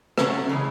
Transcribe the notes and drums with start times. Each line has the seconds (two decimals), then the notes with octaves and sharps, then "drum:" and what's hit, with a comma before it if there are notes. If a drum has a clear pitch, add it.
0.18 C3 F#3 A3 C#4, drum: rim click
0.49 C#3 E3 G#3